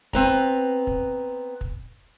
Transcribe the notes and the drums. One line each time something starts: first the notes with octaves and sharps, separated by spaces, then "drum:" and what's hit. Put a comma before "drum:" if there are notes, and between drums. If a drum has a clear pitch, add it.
B3 C4 B4 A#5, drum: kick
drum: kick
drum: kick